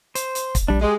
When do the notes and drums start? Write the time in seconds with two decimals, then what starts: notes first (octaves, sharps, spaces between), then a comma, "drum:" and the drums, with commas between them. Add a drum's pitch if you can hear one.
0.15 C5, drum: hi-hat
0.35 drum: hi-hat
0.55 drum: kick, hi-hat
0.68 A#1 G3 D4
0.81 G#3 G4 G#4 D#6